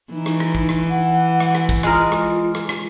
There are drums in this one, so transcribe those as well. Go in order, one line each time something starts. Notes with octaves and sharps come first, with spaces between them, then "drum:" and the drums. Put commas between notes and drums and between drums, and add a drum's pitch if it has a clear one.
E3 D#4
drum: rim click
drum: rim click
drum: kick
drum: rim click
F#5
drum: rim click
drum: rim click
drum: kick
G#3 F4 A#4, drum: rim click
drum: rim click
drum: rim click
drum: rim click